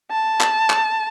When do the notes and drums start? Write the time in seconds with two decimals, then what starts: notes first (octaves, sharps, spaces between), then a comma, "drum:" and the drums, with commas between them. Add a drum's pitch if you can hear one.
0.11 A5
0.41 drum: clap
0.70 drum: clap